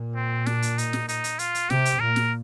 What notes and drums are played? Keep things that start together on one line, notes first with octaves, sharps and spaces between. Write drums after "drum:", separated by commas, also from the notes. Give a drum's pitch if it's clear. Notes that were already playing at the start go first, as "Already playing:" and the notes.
Already playing: A#2
C4
D4, drum: snare
drum: hi-hat
D#4, drum: hi-hat
drum: snare
D#4, drum: hi-hat
drum: hi-hat
F4, drum: hi-hat
drum: hi-hat
C3 G4, drum: snare
drum: hi-hat
A#2 A#4
drum: snare